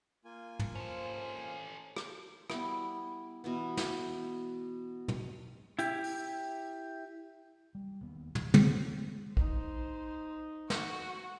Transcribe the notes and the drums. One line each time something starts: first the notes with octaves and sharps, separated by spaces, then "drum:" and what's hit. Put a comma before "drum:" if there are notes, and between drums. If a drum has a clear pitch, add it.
A#3 F4 G#5
drum: tom
C#4 A4 C5
drum: rim click
G3 B3 E4, drum: rim click
B2 E3 B3
drum: snare
drum: tom
E4 G4, drum: hi-hat
drum: open hi-hat
G3
E1 D#2 B3
D#2 D#3, drum: tom
C#3 G#3 A#3, drum: tom
D#4 C5, drum: kick
F#4 F#5, drum: snare